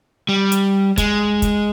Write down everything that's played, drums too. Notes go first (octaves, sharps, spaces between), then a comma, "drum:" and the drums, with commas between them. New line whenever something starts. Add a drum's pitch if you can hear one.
G3
drum: hi-hat
G#3, drum: kick, hi-hat
drum: kick, hi-hat